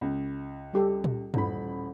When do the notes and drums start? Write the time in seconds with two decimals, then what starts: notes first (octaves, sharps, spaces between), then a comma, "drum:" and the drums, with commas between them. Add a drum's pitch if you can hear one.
0.01 C#2
0.73 G3 G4 A4
1.04 drum: tom A#2
1.34 D#1 A1 B5, drum: tom G2